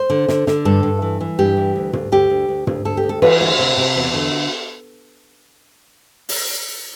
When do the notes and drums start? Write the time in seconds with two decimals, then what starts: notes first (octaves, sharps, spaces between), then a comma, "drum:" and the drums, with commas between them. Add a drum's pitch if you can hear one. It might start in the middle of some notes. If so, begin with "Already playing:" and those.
Already playing: C5
0.10 D3
0.28 D3, drum: snare
0.47 D3, drum: snare
0.65 G2 A4
0.83 G2
1.02 E3
1.20 E3
1.39 G2 G4
1.57 E3
1.76 D2
1.93 D2, drum: tom
2.12 D2 G4
2.30 D2
2.49 D2
2.67 D2, drum: tom
2.85 D2 A4
2.97 G4
3.03 D2
3.09 A4
3.22 E3 B4, drum: cymbal
3.40 D2 C5
3.59 C3
3.77 C3
3.96 E2
4.14 D3
6.29 drum: open hi-hat